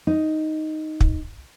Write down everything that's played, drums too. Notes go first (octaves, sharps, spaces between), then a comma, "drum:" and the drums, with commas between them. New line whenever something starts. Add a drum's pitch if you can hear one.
D#4
drum: kick